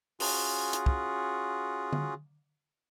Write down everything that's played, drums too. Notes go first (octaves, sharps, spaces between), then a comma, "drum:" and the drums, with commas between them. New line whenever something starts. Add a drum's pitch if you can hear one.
C#4 F4 F#4 G#4, drum: open hi-hat
drum: hi-hat
drum: kick
drum: tom D3